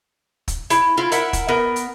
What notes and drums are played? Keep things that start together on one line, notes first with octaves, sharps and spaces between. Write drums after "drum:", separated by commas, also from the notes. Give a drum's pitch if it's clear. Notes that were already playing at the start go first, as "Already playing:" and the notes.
drum: kick, hi-hat
E4, drum: hi-hat
E4 F4
E4 A#4 E5 F#5, drum: hi-hat
drum: kick, hi-hat
B3 A#4
drum: hi-hat